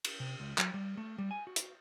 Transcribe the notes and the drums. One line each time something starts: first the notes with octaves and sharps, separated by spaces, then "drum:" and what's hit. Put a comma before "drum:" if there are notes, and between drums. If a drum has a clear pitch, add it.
drum: cymbal
C3
C#2
F#3, drum: clap
G3
A3
G3
G#5
F#4
drum: hi-hat